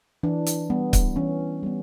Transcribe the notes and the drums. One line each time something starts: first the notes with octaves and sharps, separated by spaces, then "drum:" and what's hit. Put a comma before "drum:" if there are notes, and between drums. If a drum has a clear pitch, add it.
E3 D4
drum: hi-hat
G3 B3
drum: kick C#1, hi-hat
E3 C#4
G3 B3